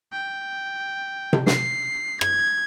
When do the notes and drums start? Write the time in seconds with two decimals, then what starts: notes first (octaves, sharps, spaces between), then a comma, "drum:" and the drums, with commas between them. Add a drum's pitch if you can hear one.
0.12 G5
1.33 drum: tom C3
1.47 C7, drum: snare
2.21 G#6, drum: rim click